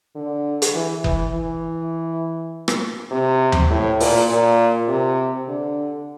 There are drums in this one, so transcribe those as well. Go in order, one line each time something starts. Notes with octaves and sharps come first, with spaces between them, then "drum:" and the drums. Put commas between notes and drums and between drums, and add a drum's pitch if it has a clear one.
D3
drum: hi-hat
E3
E3, drum: kick F#1
E3
drum: rim click
C3
drum: tom D#2
A2
A#2, drum: open hi-hat
A#2
C3
D3